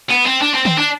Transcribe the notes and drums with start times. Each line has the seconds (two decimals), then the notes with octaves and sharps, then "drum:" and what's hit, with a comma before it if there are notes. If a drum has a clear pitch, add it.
0.10 B3
0.26 C4
0.41 D4
0.54 C4
0.65 C4, drum: tom D#3
0.78 D4